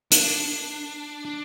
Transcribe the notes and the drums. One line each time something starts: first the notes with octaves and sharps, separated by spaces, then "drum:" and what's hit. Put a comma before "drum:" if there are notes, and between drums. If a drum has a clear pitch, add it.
D4, drum: hi-hat
D4